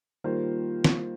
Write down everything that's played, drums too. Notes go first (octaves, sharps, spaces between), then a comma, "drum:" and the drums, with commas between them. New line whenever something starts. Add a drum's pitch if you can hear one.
D#3 G3 A#3 F4 C5
drum: snare